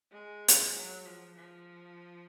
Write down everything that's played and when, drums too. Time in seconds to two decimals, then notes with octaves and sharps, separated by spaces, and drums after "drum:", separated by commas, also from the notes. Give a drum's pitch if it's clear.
0.12 G#3
0.48 drum: hi-hat
0.74 F#3
1.05 F3
1.36 F3